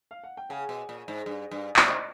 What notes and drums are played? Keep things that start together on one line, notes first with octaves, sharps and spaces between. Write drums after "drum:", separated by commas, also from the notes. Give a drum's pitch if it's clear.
F5
F#5
G5
C#3 F#5 G#5
B2
A#2
G#2
G2
G2
C3 D5, drum: clap
D#5